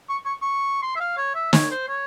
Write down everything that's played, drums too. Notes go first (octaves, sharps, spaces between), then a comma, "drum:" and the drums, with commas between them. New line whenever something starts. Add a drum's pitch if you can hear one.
C#6
C#6
C#6
C6
E5
F5
C#5
E5
C#5, drum: snare
C5
C#5